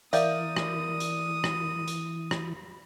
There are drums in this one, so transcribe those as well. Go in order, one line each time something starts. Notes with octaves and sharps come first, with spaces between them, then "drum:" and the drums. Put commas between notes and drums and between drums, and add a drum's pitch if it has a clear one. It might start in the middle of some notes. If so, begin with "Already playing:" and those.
E3 A#4 D5 E5 F5 D#6 G6, drum: hi-hat
drum: rim click
drum: hi-hat
drum: rim click
drum: hi-hat
drum: rim click